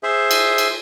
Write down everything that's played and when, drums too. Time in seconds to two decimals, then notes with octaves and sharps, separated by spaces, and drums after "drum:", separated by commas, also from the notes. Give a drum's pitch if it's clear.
0.03 G#4 C5 E5
0.31 drum: cymbal
0.58 drum: cymbal